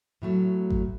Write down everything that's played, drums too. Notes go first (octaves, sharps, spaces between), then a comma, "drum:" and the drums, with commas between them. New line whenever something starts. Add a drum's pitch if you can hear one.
A2 F#3 A3
drum: kick G#1